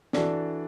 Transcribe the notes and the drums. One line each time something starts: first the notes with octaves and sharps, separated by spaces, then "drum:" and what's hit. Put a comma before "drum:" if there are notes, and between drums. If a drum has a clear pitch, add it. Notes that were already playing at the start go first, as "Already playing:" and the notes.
E3 D4 F#4 A4 D5, drum: snare